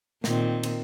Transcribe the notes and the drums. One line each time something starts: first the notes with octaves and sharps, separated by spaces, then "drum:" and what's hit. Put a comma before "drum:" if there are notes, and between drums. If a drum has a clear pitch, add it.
A#2 D#3 C4, drum: snare
drum: cymbal